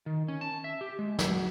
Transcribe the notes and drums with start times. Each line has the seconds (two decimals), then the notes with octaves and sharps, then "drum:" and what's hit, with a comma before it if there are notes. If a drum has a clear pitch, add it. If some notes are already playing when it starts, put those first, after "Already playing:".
0.06 D#3
0.28 C#4
0.41 A5
0.64 E5
0.81 G4
0.99 G#3
1.19 F#3, drum: snare